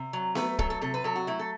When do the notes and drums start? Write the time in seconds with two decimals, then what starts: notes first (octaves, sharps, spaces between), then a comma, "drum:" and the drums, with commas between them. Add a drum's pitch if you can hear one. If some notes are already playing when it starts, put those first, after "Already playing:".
Already playing: C3
0.13 F#3
0.35 A3 B4, drum: snare B3
0.59 F#3 A4, drum: kick
0.70 A4
0.81 C3 A4
0.94 B4
1.04 F#3 A4
1.16 F#4
1.27 A3 E4
1.39 A4